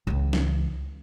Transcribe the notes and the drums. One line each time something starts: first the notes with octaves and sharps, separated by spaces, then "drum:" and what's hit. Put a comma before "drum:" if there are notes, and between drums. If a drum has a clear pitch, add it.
C#2 E3
drum: snare